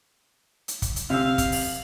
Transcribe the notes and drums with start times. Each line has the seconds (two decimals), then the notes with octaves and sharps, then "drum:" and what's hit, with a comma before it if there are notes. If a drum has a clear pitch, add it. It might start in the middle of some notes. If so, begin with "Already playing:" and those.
0.68 drum: hi-hat
0.82 drum: kick, hi-hat
0.96 drum: hi-hat
1.10 C3 F5 E6
1.38 drum: kick, hi-hat
1.52 drum: open hi-hat